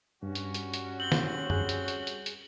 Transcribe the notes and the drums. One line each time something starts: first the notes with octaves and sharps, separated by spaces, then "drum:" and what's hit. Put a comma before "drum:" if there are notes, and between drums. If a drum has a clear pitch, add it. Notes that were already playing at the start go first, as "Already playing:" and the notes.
G2 G3 C#4 F#4
drum: hi-hat
drum: hi-hat
drum: hi-hat
C4 F#7 G7
drum: snare
G#4 F#6, drum: tom
drum: hi-hat
drum: hi-hat
drum: hi-hat
drum: hi-hat